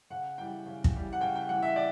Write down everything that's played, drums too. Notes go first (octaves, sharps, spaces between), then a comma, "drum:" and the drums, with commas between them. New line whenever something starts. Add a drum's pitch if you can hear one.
C#3 F#5
E3 G3 G5
C#3
drum: kick
E3 G3
F#5
C#3 G5
G5
E3 G3 F#5
E5
D5